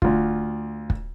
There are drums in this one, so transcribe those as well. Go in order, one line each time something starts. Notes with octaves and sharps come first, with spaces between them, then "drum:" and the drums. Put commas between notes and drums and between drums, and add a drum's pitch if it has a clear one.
D2 F4, drum: kick
drum: kick